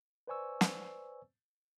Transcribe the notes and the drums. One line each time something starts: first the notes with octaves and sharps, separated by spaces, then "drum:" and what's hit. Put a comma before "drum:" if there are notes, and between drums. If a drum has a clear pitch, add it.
B4 C5 D5 G#5 C#6 E6
drum: snare